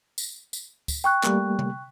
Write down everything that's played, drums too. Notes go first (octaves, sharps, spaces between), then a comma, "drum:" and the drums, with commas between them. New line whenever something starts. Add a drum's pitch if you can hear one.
drum: tambourine
drum: tambourine
drum: kick D2, tambourine
G5 C#6 F#6
G3 A3 A#3, drum: clap
drum: tom C3